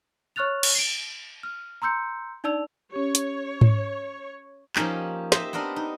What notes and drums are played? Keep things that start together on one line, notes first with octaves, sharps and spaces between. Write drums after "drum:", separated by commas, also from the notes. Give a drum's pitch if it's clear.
C#5 C#6 F6 F#6 A6 F7
drum: cymbal
C7 D7
F6
A#5 C6 E6 G6 C#7
D4 D#4 D5 A5 E6 F7
C#4 G4 C#5
drum: hi-hat
drum: tom G#2
F3 A#3 C#4 D#4 G4, drum: clap
G4 C5 D#5 E5, drum: snare
B3 C4 D4 A#4 D#5
D#4